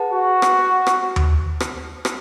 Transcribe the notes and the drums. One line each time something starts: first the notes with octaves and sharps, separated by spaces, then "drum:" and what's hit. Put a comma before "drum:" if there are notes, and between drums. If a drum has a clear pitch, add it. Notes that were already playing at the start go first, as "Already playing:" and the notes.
Already playing: G#4 B4 F#5 A5
F#4
drum: rim click
drum: rim click
drum: tom D#2
drum: rim click
drum: rim click